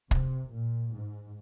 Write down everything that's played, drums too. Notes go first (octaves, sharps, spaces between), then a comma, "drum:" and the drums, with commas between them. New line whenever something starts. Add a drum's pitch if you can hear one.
C3, drum: kick
A#2
G#2